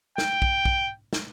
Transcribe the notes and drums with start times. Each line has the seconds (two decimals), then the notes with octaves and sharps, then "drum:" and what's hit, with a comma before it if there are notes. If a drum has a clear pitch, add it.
0.18 G5, drum: snare
0.42 drum: kick
0.65 drum: kick
1.13 drum: snare